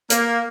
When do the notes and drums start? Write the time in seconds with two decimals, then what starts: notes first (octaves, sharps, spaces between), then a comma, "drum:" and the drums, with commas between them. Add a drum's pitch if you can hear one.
0.10 A#3, drum: hi-hat